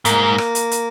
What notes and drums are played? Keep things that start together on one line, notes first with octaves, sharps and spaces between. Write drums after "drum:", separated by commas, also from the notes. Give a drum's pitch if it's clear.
G#2 A#3, drum: hi-hat
drum: rim click
drum: hi-hat
drum: hi-hat